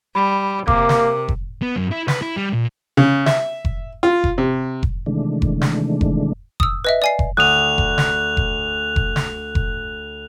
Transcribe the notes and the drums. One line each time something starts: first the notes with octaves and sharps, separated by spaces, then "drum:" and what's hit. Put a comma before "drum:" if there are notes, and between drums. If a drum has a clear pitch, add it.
G3 B5
C3 A#3 A#4 D6, drum: kick F1
drum: snare
drum: kick F1
B3
F#2
E4
B4, drum: snare
E4
G3
A#2
C#3
E5, drum: snare
drum: kick F1
F4
drum: kick F1
C3
drum: kick F1
C3 D#3 E3 G#3 A3 D4
drum: kick F1
drum: snare
drum: kick F1
D#6 E6, drum: kick F1
B4 D#5 E5
D5 G#5 C7
drum: kick F1
D2 D#6 F#6 F7
drum: kick F1
drum: snare
drum: kick F1
drum: kick F1
drum: snare
drum: kick F1